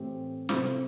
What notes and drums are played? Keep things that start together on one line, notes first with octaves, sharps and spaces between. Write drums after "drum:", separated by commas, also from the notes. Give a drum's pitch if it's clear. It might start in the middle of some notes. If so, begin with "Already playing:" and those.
Already playing: A2 E3 C4 G4
C3 A3 E4 C5, drum: snare